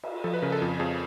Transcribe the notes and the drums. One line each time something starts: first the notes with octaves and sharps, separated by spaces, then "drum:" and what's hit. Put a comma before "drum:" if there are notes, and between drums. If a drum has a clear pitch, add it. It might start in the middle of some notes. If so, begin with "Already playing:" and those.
drum: cymbal
F3 A4
B4
C#3 A#4
A4
F2
F2 G#4